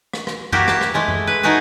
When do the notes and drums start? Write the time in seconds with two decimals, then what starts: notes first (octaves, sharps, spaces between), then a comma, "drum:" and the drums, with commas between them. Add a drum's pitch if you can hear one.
0.13 drum: rim click
0.27 drum: rim click
0.52 A#3 E4 F#4 G4, drum: tom F#2
0.68 G4 A5, drum: rim click
0.81 drum: rim click
0.94 G#3 A3 E4
1.08 drum: tom F#2
1.27 B4
1.43 A3 D#4 E4 F#4 G#4